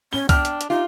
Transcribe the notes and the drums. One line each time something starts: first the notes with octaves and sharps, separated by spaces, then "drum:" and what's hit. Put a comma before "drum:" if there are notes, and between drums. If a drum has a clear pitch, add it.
C#4 G7
D4 G5 F6, drum: kick C2, hi-hat
drum: hi-hat
drum: hi-hat
D#4 F4 G4